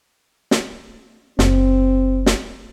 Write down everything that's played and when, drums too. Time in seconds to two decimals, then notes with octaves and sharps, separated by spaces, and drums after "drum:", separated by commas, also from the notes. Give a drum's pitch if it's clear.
0.51 drum: snare
1.39 F#1 C4, drum: snare
2.26 drum: snare